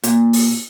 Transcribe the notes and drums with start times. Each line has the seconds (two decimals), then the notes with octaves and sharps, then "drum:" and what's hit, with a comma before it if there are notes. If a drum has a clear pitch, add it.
0.04 A#2, drum: hi-hat
0.33 drum: open hi-hat